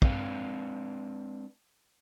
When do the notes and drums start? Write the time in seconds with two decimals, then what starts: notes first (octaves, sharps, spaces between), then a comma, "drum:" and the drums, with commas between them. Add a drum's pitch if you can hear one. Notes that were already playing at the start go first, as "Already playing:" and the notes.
0.02 G#3 C4 D4 B4 F5 F#5, drum: kick